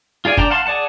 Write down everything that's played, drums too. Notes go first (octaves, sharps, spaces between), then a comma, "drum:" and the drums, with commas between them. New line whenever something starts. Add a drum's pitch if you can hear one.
F4 G#4 D5 G#5
D4 D5 G5 A#5, drum: kick
F5 F#5 A5 C6
G#4 D5 F#5 A5